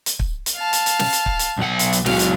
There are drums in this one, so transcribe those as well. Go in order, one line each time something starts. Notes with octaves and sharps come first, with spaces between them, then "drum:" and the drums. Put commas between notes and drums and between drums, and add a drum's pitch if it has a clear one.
drum: hi-hat
drum: kick
drum: hi-hat
F5 A5
drum: hi-hat
drum: hi-hat
drum: snare
drum: hi-hat
drum: kick
drum: hi-hat
B1 F#5
drum: hi-hat
drum: hi-hat
C#2 F#3 F5, drum: snare
drum: hi-hat